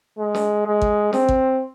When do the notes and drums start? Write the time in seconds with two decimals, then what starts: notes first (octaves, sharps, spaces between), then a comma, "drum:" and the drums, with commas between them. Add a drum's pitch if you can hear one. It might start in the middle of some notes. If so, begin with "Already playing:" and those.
0.19 G#3
0.35 drum: snare
0.66 G#3
0.82 drum: kick
1.13 C4, drum: snare
1.29 drum: kick